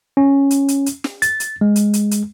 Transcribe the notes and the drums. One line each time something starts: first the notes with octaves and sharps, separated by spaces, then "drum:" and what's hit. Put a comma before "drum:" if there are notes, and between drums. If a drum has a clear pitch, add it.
C#4
drum: hi-hat
drum: hi-hat
drum: hi-hat
drum: snare
A6, drum: hi-hat
drum: hi-hat
G#3
drum: hi-hat
drum: hi-hat
drum: hi-hat